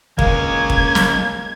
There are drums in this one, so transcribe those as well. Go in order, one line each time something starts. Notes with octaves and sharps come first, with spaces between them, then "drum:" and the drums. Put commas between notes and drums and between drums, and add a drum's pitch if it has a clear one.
G#3 A#3 C#4 G#6, drum: kick
drum: kick
drum: snare